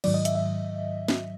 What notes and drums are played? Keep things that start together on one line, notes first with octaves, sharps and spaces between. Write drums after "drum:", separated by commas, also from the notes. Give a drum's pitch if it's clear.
G#2 D#3 F#3 D5, drum: cymbal
D#5
E5, drum: hi-hat
E5
drum: snare